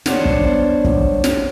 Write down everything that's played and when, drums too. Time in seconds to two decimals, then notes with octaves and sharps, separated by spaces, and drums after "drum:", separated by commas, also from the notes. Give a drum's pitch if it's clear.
0.06 B3 D4 C5 C#5, drum: snare
0.25 drum: kick
0.84 drum: kick
1.24 drum: snare